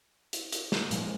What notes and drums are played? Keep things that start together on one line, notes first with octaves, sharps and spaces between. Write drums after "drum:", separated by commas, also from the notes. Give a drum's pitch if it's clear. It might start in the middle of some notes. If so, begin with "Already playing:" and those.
drum: hi-hat
drum: hi-hat
drum: snare
A#2 F3 G#3, drum: hi-hat